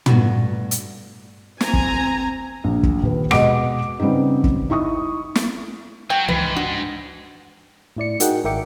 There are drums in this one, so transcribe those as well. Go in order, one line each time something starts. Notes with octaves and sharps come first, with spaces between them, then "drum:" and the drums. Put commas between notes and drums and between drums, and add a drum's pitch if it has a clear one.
G2 A3 B3 F#4, drum: tom
drum: hi-hat
C4 G#5 A#5, drum: snare
drum: kick
A#1
drum: kick
D#1 B4
B2 G#3 D#5 F#5 D6 D7, drum: rim click
C#3 G3 B3 C4 D#4
drum: kick
D#4 E4 C#6 D#6
drum: snare
F#3 G5
C#2 G#2 E3 F3 B4
D4 F#4
A2 E4 D5 C#7
D#4 F#4 G#4 A#4 F#5 G5, drum: hi-hat
G#1 A#4 E5 G5 D6 C#7